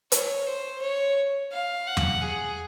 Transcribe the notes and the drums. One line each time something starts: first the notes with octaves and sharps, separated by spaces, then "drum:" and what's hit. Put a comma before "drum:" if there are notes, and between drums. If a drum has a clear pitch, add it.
C#5, drum: hi-hat
C5
C#5
F5
F#5
drum: tom E2
G#4